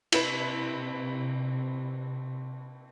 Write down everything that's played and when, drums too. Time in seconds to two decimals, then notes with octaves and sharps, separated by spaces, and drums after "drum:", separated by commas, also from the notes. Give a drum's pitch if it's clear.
0.12 C3 E4 B4, drum: cymbal